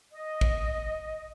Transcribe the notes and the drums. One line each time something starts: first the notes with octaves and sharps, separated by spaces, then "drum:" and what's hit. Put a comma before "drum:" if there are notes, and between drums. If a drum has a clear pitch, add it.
D#5
drum: kick